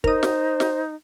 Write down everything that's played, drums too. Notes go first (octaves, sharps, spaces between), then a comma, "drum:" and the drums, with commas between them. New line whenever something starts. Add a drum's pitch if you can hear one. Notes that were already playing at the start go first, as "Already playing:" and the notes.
D#4 A#4 C5 D#6, drum: kick
drum: snare
drum: snare